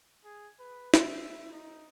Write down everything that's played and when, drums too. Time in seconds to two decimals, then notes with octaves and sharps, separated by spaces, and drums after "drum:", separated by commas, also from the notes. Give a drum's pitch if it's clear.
0.24 G#4
0.59 B4
0.94 E5, drum: snare
1.52 D#4